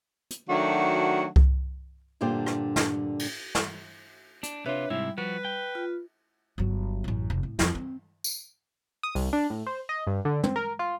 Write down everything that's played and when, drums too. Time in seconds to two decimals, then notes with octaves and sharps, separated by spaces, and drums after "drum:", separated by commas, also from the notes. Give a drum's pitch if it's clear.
0.30 drum: hi-hat
0.49 D#3 F#3 A3 D4 F#4
1.36 drum: kick C2
2.21 G2 A#2 D3 G4 C5
2.46 drum: rim click
2.76 drum: snare
3.19 drum: cymbal
3.55 drum: snare
4.43 D4, drum: hi-hat
4.66 C3 D4 F4 B4 C#5 E5
4.90 G#2 C3 G3 E4
5.18 F3 F#4 B4
5.45 G5
5.75 F4
6.58 G1 F#3
7.04 A1 F#2
7.30 F1
7.43 A2
7.59 F2 F3, drum: snare
7.75 C4
8.24 drum: tambourine
9.03 D#6
9.15 C2, drum: open hi-hat
9.33 D4
9.50 A2
9.67 C5
9.89 D#5
10.07 G2
10.25 D3
10.44 C4, drum: tom
10.56 A#4
10.79 F4